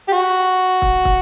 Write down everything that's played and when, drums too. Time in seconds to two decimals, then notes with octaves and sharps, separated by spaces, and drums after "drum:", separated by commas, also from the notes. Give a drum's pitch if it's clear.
0.08 G4
0.12 F#4
0.82 drum: kick
1.05 drum: kick